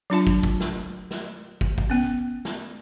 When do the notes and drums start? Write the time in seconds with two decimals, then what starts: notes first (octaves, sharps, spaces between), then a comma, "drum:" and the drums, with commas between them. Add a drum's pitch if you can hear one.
0.10 F#3 D4 F4 A5
0.27 drum: kick
0.43 drum: kick
0.60 drum: snare
1.11 drum: snare
1.61 drum: kick
1.78 drum: kick
1.90 B3 C#4
2.45 drum: snare